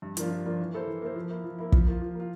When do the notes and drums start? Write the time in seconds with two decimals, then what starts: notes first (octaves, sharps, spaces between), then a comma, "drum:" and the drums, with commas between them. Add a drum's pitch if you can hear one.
0.02 G2
0.17 F3 A#3 D4 F4, drum: hi-hat
0.31 G2
0.46 F3 A#3 D4 F4
0.59 E3
0.74 A#3 E4 A4 C5
0.88 E3
1.02 A#3 E4 A4 C5
1.16 F3
1.30 A#3 E4
1.44 F3
1.59 A#3 E4
1.72 F3, drum: kick
1.86 A#3 F4
2.01 F3
2.15 A#3 F4